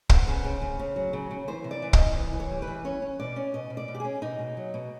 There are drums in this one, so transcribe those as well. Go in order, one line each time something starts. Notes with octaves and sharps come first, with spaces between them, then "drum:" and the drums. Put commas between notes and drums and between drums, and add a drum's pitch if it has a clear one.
B3 C5, drum: kick
C#3
C#3
C#3
C#3
F#3
C#3
C#3
E3 C5
C3
D5
E3
D#5, drum: kick
C3
E3
E3
C#5
G3
B4
E3
C#4 C#5
C#4
B2 D5
C#4
B2 D#5
B2
D5
B2
G4
C#4 G#4
B2 D#4
B2
F#3
B2